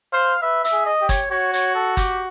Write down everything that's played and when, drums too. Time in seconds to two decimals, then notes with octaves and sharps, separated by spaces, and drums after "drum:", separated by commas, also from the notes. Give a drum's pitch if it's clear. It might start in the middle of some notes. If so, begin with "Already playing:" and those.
0.13 C5 F5
0.42 B4 E5
0.65 E5, drum: hi-hat
0.72 G#4
0.86 D#5
1.01 G4
1.09 C#5, drum: kick, hi-hat
1.31 F#4 C#5
1.53 C#5, drum: hi-hat
1.75 A4
1.97 G4, drum: kick, hi-hat